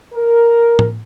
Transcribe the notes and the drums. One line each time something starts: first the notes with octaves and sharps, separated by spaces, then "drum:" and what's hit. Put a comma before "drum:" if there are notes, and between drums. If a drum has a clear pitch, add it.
A#4
drum: tom A2